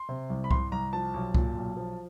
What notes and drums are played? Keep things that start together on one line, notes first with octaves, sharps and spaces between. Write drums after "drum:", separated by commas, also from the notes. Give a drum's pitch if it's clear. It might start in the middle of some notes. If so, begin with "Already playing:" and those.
Already playing: C6
C3
C2
B5
C2 C6, drum: kick C2
C2 A#5
F3 A5
B1
A#2, drum: kick C2
B1
F3